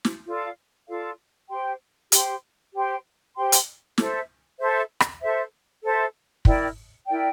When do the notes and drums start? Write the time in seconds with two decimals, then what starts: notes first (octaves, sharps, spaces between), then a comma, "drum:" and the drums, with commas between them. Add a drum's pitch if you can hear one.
0.05 drum: snare
0.26 F4 A4 D5 F5
0.88 F4 A4 D5 F5
1.50 G4 C5 G5 C6
2.12 G4 C5 G5 C6, drum: hi-hat
2.73 G4 C5 G5 C6
3.35 G4 C5 G5 C6
3.52 drum: hi-hat
3.98 A4 C5 E5, drum: snare
4.59 A4 C5 E5
5.00 drum: rim click
5.20 A4 C5 E5
5.83 A4 C5 E5
6.45 E4 A#4 D5 G5, drum: kick
7.06 E4 A#4 D5 G5